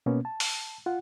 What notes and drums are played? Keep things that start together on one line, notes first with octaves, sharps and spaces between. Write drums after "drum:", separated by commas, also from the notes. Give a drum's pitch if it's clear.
B2 A#3 B3 C#4
A5
drum: open hi-hat
F4 F#5